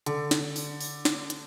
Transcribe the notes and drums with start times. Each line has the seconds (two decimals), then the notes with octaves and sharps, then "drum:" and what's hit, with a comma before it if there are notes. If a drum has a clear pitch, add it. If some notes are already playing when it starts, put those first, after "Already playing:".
0.06 D3, drum: hi-hat
0.31 drum: snare
0.56 drum: open hi-hat
0.81 drum: open hi-hat
1.05 drum: snare
1.30 drum: hi-hat